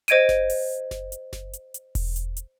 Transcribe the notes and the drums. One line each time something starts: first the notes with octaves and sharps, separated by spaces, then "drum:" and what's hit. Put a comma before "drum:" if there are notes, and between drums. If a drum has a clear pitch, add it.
C5 D#5 G#6 D7 D#7, drum: hi-hat
drum: snare F#1
drum: open hi-hat
drum: snare F#1
drum: hi-hat
drum: snare F#1
drum: hi-hat
drum: hi-hat
drum: kick E1, open hi-hat
drum: hi-hat
drum: hi-hat